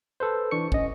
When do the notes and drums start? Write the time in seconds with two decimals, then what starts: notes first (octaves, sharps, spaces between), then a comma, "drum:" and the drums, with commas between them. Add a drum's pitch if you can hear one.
0.20 A4 B4 C5
0.51 E3 D4 C#6 C#7
0.72 C#4 D#5, drum: kick